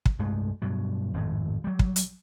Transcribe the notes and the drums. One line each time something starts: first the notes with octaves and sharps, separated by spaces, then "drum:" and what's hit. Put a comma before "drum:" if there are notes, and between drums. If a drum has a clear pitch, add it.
drum: kick
C2 G2 G#3 A3
G2 B2 F#3
G#1 F2 A2
F#3 G3
drum: kick
drum: hi-hat